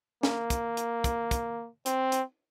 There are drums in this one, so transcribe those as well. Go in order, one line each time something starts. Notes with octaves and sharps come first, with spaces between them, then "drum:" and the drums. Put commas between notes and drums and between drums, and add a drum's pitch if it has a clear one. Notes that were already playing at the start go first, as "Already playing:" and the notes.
A#3, drum: snare
drum: kick, hi-hat
drum: hi-hat
drum: kick, hi-hat
drum: kick, hi-hat
C4, drum: hi-hat
drum: hi-hat